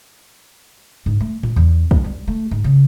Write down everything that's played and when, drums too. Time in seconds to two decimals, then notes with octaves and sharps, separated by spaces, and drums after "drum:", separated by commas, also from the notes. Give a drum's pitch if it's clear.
1.06 G#2
1.20 A3
1.43 B3, drum: tom A2
1.56 E2
1.91 A#3, drum: kick
2.04 G3
2.28 A3
2.51 G#2
2.64 C#3